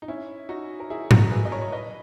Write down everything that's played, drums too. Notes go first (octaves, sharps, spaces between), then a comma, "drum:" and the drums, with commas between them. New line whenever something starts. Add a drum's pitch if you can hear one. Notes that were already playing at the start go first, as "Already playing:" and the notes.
D#4
C#4 E4
D#4 F#4
A#4
E4 G#4
F#4 A#4, drum: tom G#2
G#4 B4
D#5
A#4 C#5
C#5
B4 D#5